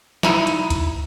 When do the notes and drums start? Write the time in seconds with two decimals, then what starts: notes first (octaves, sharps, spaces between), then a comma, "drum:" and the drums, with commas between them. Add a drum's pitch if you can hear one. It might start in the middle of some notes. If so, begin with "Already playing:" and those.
0.23 D#4 E4, drum: snare
0.47 drum: hi-hat
0.70 drum: kick D2, hi-hat